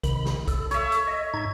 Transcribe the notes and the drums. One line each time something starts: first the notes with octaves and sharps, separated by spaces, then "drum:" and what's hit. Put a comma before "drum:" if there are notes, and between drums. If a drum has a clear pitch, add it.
C3 D#3 B5, drum: kick, hi-hat
drum: snare
A4, drum: kick, hi-hat
C#5 E5, drum: hi-hat
drum: hi-hat
D#5
G#2 D#4 G#6